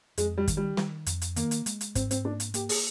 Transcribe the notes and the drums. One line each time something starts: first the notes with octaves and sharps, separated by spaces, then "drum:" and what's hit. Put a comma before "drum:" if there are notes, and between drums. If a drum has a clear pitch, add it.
F2 G#3, drum: hi-hat
G3
D#3, drum: kick, hi-hat
G3
D#3, drum: snare
F2, drum: hi-hat
drum: hi-hat
D#3 A#3, drum: hi-hat
drum: hi-hat
G#3, drum: hi-hat
drum: hi-hat
G#2 C4, drum: kick, hi-hat
C4, drum: hi-hat
A#3 D4
drum: hi-hat
A#3 G4, drum: hi-hat
G#4, drum: open hi-hat